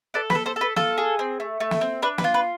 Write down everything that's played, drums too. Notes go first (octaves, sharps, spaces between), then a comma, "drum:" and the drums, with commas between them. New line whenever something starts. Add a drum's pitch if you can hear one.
A4 B4 D5
B4, drum: snare
A4
A4 C5
A4 B4
F4 A4, drum: snare
G#4
C4
A3
A3
drum: snare
C4
D4 B4
B4, drum: snare
F4
B4